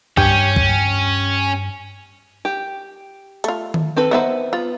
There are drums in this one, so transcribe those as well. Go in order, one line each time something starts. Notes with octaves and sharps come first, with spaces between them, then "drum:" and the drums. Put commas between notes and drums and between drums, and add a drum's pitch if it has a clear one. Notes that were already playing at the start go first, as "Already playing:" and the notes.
G2 C#4 G4, drum: kick C2
drum: kick C2
G4
A3 F4, drum: hi-hat
drum: tom D#3
C4 A4 B4
B3 D#4 B4 C5 E5 F#5
B3 F4